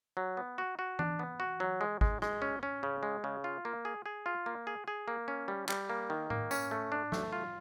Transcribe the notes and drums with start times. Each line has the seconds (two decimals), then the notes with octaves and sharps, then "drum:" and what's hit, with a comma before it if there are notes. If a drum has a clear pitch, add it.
0.17 F#3
0.37 B3
0.58 F#4
0.79 F#4
0.99 D4, drum: tom E3
1.19 B3
1.40 F#4
1.60 F#3
1.81 G#3
2.01 G#3, drum: kick G#1
2.22 G#3, drum: rim click
2.42 C#4
2.63 C#4
2.83 C#3
3.03 G#3
3.24 C#3
3.44 F4
3.65 A#3
3.85 G#4
4.06 G#4
4.26 F4
4.46 A#3
4.67 G#4
4.88 G#4
5.08 A#3
5.28 C#4
5.48 G3
5.69 G3, drum: clap
5.90 A#3
6.10 D#3
6.30 A#3, drum: tom A2
6.51 C#4, drum: tambourine
6.71 A3
6.92 D4
7.12 A3, drum: snare
7.33 F4